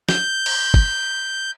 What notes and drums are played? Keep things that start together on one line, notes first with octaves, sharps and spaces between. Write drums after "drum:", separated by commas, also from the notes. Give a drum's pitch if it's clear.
G6, drum: snare
drum: cymbal
drum: kick